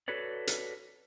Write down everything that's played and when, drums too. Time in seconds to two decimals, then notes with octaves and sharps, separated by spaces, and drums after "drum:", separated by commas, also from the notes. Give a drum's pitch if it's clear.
0.08 F#4 A4 B4 C#5 D5
0.47 drum: hi-hat